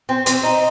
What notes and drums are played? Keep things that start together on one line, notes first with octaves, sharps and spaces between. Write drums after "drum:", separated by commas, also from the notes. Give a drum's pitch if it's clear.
C4
C4, drum: hi-hat
D#4